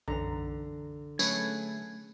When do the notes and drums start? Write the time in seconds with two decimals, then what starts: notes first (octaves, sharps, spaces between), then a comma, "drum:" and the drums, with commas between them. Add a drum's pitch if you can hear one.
0.08 B1 F#2 D3 E3 A#5
1.19 F#3 A3 C#4 G#4 B4 C#5 G#5, drum: tambourine